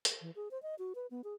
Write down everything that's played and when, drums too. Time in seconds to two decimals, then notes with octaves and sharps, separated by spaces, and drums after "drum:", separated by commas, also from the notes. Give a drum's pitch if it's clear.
0.05 drum: hi-hat
0.22 E3
0.36 G#4
0.51 C5
0.63 D#5
0.79 F#4
0.95 B4
1.11 B3
1.24 G#4